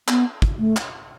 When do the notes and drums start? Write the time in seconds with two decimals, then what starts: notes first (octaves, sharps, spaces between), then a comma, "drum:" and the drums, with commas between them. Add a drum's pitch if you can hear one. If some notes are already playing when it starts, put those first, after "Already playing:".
0.08 B3, drum: clap
0.42 drum: kick
0.59 A3
0.76 drum: clap